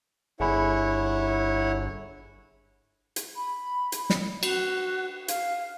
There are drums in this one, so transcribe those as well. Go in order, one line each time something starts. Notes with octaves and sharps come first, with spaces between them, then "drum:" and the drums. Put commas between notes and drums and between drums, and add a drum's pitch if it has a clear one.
G1 E4 G#4 C#5 F#5 G#5 B5
drum: hi-hat
B5
drum: hi-hat
drum: snare
F#4, drum: cymbal
F5, drum: hi-hat